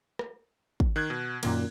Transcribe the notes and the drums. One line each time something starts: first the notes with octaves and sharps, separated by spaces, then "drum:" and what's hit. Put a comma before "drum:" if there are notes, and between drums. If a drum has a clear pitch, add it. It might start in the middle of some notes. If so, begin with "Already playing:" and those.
drum: rim click
drum: kick
D#3 F#6 G#6
B2
F#2 A#2 D#3 A#3, drum: cymbal